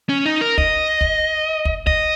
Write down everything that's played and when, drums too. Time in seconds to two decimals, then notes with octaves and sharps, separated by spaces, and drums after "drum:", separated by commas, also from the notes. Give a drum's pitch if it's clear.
0.09 C#4
0.26 D#4
0.41 A#4
0.58 D#5, drum: kick
1.01 drum: kick
1.65 drum: kick
1.87 D#5, drum: kick